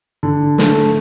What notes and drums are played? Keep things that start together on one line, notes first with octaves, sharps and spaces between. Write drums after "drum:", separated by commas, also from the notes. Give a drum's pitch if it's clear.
D3
A3, drum: snare